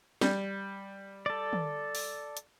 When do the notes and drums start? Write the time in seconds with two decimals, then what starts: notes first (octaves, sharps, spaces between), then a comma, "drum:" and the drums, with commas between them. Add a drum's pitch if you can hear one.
0.21 G3, drum: snare
1.26 A4 D5
1.53 drum: tom
1.95 drum: open hi-hat
2.37 drum: hi-hat